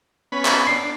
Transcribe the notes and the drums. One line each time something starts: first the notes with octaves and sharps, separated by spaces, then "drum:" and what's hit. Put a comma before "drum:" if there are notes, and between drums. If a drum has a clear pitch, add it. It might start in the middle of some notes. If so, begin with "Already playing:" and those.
B3 C#4 B5
drum: clap
D4 C7